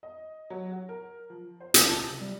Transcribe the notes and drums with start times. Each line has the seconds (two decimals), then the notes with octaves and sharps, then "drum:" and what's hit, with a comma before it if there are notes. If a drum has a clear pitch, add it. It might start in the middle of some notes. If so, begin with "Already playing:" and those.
0.03 D#5
0.50 F#3
0.71 F#4
0.89 A#4
1.30 F3
1.61 C5
1.74 C#2, drum: hi-hat
1.87 A5
1.99 C3
2.21 G3